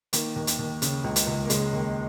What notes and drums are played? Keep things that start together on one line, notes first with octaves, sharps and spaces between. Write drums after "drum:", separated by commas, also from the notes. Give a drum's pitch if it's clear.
D#3 A#3, drum: hi-hat
D#2
drum: hi-hat
D#2
C#3, drum: hi-hat
C#2
drum: hi-hat
C#2
A#3
C#3 G#3, drum: hi-hat
D#2